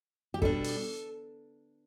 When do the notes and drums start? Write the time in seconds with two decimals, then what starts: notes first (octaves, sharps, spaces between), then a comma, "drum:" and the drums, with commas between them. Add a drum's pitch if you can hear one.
0.34 G4
0.42 B2 G3 D4 A4, drum: kick
0.64 drum: open hi-hat